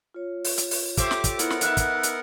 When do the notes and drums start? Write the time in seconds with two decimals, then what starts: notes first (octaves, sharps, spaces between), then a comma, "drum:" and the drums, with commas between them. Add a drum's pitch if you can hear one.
0.14 F4 C#5
0.44 drum: open hi-hat
0.58 drum: hi-hat
0.71 drum: open hi-hat
0.97 A3 G4 C5 E5 D6, drum: kick, hi-hat
1.11 drum: snare
1.24 drum: kick, hi-hat
1.39 B3 E4 A#4 F#5, drum: hi-hat
1.50 drum: snare
1.61 D#4 D#5 E5 F#6, drum: hi-hat
1.77 drum: kick, hi-hat
2.03 drum: hi-hat